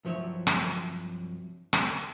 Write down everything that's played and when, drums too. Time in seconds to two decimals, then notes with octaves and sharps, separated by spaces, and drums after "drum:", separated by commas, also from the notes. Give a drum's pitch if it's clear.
0.05 C2 G2 F3 F#3 C#5 E5
0.47 drum: rim click
1.73 drum: rim click